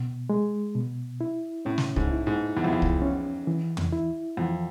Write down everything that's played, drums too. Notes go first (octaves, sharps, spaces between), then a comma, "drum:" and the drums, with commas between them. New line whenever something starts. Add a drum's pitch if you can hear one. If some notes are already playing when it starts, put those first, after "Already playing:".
Already playing: B2
G#3
B2
E4
A2 C#4
drum: snare
G#2, drum: kick C2
E4
G#2
E2 E4
F2
E2
drum: kick C2
C#4
E3
drum: tom
E4
F2 E3